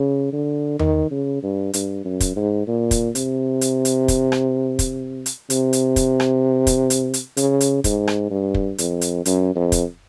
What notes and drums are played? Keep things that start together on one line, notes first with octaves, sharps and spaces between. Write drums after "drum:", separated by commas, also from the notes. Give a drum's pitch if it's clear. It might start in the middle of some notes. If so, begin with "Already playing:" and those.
Already playing: C#3
D3
D#3, drum: tom E2
C#3
G2
G2, drum: hi-hat
F#2
drum: kick, hi-hat
G#2
A#2
drum: kick, hi-hat
C3, drum: hi-hat
drum: hi-hat
drum: hi-hat
drum: kick, hi-hat
drum: rim click
drum: kick, hi-hat
drum: hi-hat
C3, drum: hi-hat
drum: hi-hat
drum: kick, hi-hat
drum: rim click
drum: kick, hi-hat
drum: hi-hat
drum: hi-hat
C#3, drum: hi-hat
drum: hi-hat
G#2, drum: kick, hi-hat
drum: rim click
G2
drum: kick
F2, drum: hi-hat
drum: hi-hat
F#2, drum: hi-hat
F2
drum: kick, hi-hat